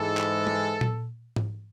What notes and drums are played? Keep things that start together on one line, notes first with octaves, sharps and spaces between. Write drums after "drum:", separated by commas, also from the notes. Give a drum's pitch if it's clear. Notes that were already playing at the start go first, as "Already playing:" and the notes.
Already playing: G#2 E3 G#3 A4
drum: clap
drum: tom G#3
drum: tom A#2
drum: tom G#2